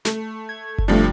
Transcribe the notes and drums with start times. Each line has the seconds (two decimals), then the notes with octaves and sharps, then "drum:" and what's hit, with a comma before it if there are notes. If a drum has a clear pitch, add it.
0.05 A3, drum: snare
0.49 G#6
0.78 drum: kick F#1
0.88 G2 C3 F3 A3 D4